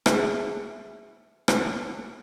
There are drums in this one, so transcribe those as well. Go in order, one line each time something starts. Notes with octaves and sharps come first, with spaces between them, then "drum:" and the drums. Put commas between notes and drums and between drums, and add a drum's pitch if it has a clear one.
G#4 E5, drum: rim click
drum: rim click